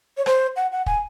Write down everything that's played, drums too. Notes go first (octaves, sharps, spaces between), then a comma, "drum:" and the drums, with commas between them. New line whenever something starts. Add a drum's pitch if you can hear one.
C#5
C5, drum: rim click
F#5
F#5
G#5, drum: kick